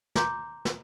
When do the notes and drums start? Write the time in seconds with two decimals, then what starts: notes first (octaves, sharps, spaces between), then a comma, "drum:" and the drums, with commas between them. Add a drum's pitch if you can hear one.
0.15 A#5 C6 D6 G6, drum: snare
0.65 drum: snare